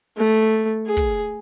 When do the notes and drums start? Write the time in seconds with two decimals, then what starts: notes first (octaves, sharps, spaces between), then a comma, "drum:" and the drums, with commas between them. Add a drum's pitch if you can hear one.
0.17 A3
0.87 G#4
0.97 drum: kick